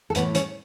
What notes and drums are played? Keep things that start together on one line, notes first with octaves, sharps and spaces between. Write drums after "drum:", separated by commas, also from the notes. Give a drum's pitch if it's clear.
A4
A2 E3 A3 B3 B4, drum: hi-hat
C#4 C#5, drum: hi-hat